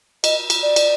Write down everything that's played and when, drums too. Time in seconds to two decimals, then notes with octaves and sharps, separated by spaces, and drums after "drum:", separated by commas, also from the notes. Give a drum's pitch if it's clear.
0.24 D#5, drum: cymbal
0.50 drum: cymbal
0.63 D5
0.76 drum: cymbal